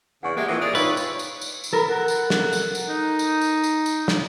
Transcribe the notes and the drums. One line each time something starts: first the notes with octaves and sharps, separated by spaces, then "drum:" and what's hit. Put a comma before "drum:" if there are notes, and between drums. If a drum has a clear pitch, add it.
E2 C#3 D5 F#5 G#5 C#6
G#3 A#3 G4 E5 G#6 D7
F2 A#2 E3 D#5 F#5 C6
G#4 D5 F#5 F6
D#4 F4 G4 B4 C#5 E6, drum: tambourine
drum: tambourine
drum: tambourine
drum: tambourine
drum: tambourine
A4 A#4 B5
F#5
drum: tambourine
drum: snare
drum: tambourine
drum: tambourine
D#4
drum: tambourine
drum: tambourine
drum: tambourine
drum: tambourine
drum: snare